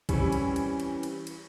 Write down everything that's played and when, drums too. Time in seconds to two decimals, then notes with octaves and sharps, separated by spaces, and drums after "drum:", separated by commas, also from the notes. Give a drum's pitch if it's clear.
0.09 E3 G3 C4 C#4 E4, drum: kick, cymbal
0.32 drum: cymbal
0.56 drum: cymbal
0.80 drum: cymbal
1.03 drum: cymbal
1.27 drum: cymbal